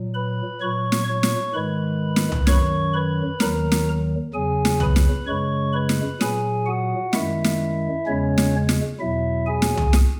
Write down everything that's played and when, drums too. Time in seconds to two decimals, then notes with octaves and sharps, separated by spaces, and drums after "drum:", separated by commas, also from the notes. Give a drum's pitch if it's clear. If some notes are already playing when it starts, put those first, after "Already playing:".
Already playing: A#2 F#3
0.14 B4 B5
0.61 A#2 F#3 C#5 C#6
0.92 drum: snare
1.08 C#5 C#6
1.23 drum: snare
1.54 G#2 D#3 G#3 B4 B5
2.16 drum: snare
2.32 drum: tom
2.47 F#2 D#3 F#3 C#5 C#6, drum: snare
2.94 B4 B5
3.40 D#2 D#3 F#3 A#4 A#5, drum: snare
3.72 drum: snare
4.34 E2 C#3 F#3 G#4 G#5
4.65 drum: snare
4.80 B4 B5, drum: tom
4.96 drum: snare
5.26 F#2 C#3 G#3 C#5 C#6
5.73 B4 B5
5.89 drum: snare
6.21 A#2 F#3 G#4 G#5, drum: snare
6.66 F#4 F#5
7.13 F#2 D#3 G#3 E4 E5, drum: snare
7.44 drum: snare
8.07 E2 C#3 G#3 C#4 C#5
8.38 drum: snare
8.69 drum: snare
9.00 E2 B2 F#3 E4 E5
9.46 G#4 G#5
9.62 drum: snare
9.77 drum: tom
9.93 drum: snare